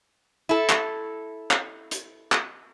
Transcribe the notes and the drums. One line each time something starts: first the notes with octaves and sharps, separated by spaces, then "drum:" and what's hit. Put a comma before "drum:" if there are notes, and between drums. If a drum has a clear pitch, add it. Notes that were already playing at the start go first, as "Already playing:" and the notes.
E4 A4
drum: clap
drum: clap
drum: hi-hat
drum: clap